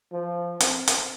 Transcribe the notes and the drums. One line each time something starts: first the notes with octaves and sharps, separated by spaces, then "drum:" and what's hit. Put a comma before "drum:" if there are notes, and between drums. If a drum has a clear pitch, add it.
F3
C4, drum: hi-hat
drum: hi-hat